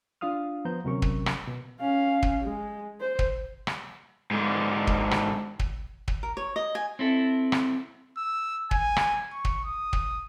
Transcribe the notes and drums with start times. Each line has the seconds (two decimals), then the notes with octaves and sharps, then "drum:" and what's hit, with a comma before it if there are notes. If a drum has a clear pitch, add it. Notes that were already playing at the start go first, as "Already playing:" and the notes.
0.21 D4 F4 F5 D#6 F6
0.65 F3 B3 C5 A#5 G6
0.84 D2 C3 F#3 C#4 A#4 C#6
1.02 drum: kick
1.26 drum: rim click
1.47 B2
1.81 C#4 F5
2.23 drum: kick
2.43 G#3
3.01 C5
3.19 drum: kick
3.67 drum: rim click
4.31 G#2 D3
4.87 drum: kick
5.11 drum: rim click
5.60 drum: kick
6.08 drum: kick
6.23 A#4
6.37 C#5
6.56 D#5
6.75 G#5
6.99 C4 E4 A4
7.52 drum: rim click
8.17 E6
8.71 G#5, drum: kick
8.96 drum: rim click
9.32 C#6
9.45 drum: kick
9.65 D#6
9.93 drum: kick